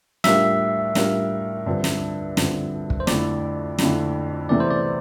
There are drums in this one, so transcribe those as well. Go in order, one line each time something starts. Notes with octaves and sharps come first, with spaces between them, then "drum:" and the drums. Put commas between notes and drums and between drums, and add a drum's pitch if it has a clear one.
A2 G3 D4 F4 A#4 E5, drum: snare
A2 G3 D4 F4 A#4, drum: snare
G2 D3 F3 C4
drum: snare
G2 D3 F3 C4, drum: snare
drum: kick
C5
F2 D3 A3 E4 D5, drum: snare
F2 D3 A3 E4, drum: snare
E2 C3 E3 A3 D5
C5
D5